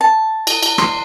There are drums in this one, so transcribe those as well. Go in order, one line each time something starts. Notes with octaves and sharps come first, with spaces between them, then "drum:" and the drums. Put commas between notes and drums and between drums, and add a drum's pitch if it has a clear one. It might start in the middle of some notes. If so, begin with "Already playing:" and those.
A5
drum: cymbal
drum: cymbal
C6, drum: rim click